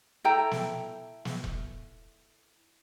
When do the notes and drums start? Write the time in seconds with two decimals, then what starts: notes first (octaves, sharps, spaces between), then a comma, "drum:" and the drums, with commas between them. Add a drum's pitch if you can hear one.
0.24 E4 A4 G5 A#5
0.51 drum: snare
1.25 drum: snare
1.44 drum: kick E1